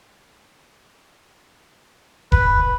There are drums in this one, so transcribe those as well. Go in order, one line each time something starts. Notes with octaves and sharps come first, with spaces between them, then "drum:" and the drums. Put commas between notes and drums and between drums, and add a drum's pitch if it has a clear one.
B4, drum: kick E1